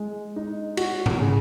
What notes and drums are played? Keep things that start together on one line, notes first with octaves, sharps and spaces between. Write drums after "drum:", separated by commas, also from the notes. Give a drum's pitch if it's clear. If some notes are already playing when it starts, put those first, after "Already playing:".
Already playing: G#3
D#4
F#4, drum: cymbal
drum: tom G#2
C#3